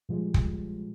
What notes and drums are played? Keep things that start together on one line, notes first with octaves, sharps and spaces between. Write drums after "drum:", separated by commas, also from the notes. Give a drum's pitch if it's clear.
A#2 F3 G3 G#3
drum: kick